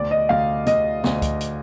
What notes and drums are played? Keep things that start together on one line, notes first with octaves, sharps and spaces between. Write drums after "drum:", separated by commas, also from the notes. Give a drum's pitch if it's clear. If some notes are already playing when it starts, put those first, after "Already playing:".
Already playing: D2 D5
D#5
D2 F5
D2 D#5, drum: hi-hat
D2, drum: snare
drum: kick C#2, hi-hat
drum: hi-hat